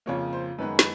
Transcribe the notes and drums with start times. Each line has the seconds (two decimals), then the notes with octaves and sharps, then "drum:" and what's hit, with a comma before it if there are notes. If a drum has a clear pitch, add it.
0.06 F2 C#3 F3 A#3 C#5
0.33 C5
0.59 F#2 D#3 G#3 B3 B4
0.79 B4, drum: snare